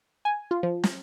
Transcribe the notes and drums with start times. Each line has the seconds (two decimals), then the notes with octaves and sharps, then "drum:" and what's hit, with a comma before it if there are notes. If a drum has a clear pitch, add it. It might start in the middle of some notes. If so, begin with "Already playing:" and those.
0.25 G#5
0.51 F4
0.63 F3
0.84 drum: snare